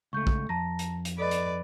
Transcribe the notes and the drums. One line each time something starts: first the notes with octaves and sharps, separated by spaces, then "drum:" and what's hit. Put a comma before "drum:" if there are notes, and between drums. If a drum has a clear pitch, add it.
C#2 A3 C#6 G6
drum: kick
F2 A5 A#5 A#6
drum: hi-hat
drum: hi-hat
A4 B4 D5 D#5
drum: hi-hat